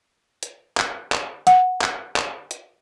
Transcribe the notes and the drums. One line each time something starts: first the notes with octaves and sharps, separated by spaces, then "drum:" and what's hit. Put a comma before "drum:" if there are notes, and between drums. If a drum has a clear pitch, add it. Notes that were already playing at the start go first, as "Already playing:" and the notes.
drum: hi-hat
drum: clap
drum: clap
F#5, drum: hi-hat
drum: clap
drum: clap
drum: hi-hat